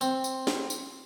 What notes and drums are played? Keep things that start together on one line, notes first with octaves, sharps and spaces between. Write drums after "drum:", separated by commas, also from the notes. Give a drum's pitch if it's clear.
C4, drum: tambourine
drum: tambourine
drum: snare
drum: tambourine